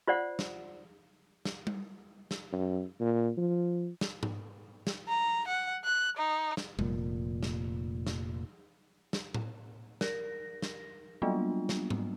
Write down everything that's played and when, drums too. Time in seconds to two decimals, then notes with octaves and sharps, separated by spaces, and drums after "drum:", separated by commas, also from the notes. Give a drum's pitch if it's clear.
0.08 F4 C5 D5 F#5
0.39 drum: snare
1.45 drum: snare
1.67 drum: tom G3
2.31 drum: snare
2.53 F#2
3.00 A#2
3.37 F3
4.01 drum: snare
4.23 drum: tom G#2
4.87 drum: snare
5.08 A#5
5.48 F#5
5.85 F#6
6.17 D#4
6.57 drum: snare
6.79 F1 A#2, drum: tom G3
7.43 drum: snare
8.07 drum: snare
9.13 drum: snare
9.34 drum: tom A2
10.01 A#4 A#6, drum: snare
10.62 drum: snare
11.22 F#3 G3 A#3 B3 D4 F4
11.69 drum: snare
11.90 drum: tom G#2